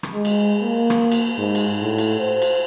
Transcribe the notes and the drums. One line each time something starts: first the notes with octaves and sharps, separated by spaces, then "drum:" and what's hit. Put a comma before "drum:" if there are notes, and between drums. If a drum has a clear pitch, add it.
drum: rim click
G#3
drum: cymbal
A#3
drum: rim click
drum: cymbal
G#2
drum: cymbal
A2
drum: cymbal
C5
drum: cymbal